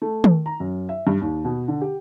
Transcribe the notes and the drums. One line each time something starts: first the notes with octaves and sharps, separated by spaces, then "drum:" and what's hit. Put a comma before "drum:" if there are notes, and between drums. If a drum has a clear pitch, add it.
A3
drum: tom
A#5
F#2
E5
G2
D#2
B2
D3
G4